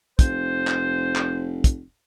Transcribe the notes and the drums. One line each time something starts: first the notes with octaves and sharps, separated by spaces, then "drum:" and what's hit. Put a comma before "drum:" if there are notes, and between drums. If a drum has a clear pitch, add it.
F1 C5, drum: kick, hi-hat
drum: clap
drum: clap
drum: kick, hi-hat